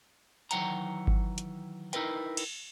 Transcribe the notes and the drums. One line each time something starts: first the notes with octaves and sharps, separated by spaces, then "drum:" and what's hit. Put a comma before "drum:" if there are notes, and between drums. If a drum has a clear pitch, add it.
D#3 E3 F#3 F#5 G5 A#5, drum: hi-hat
drum: kick G1
drum: hi-hat
D#4 E4 F#4 A#4 B4 G5, drum: hi-hat
drum: cymbal